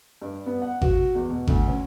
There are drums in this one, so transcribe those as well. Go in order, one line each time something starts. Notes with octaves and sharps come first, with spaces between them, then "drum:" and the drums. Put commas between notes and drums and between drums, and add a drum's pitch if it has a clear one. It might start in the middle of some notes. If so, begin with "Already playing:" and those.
G2
B3
F#5
F#4, drum: kick G#1
E2
B2
D2, drum: kick G#1
C#4